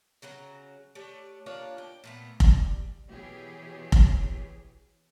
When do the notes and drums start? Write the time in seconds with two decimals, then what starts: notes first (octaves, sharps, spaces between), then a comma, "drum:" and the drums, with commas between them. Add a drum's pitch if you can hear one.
0.22 C#3 F#3 F#5 A#5
0.95 A3 D4 G4 C#5
1.46 A#3 D4 F4 C#5
1.78 G5
2.04 A#2 A3 B3
2.40 G3, drum: kick F1
3.08 B2 E3 G4 G#4 C#5
3.92 drum: kick F1